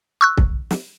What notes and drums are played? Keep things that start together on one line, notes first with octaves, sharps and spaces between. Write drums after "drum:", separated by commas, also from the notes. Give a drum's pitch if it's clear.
C#6 E6 F#6
drum: kick
drum: snare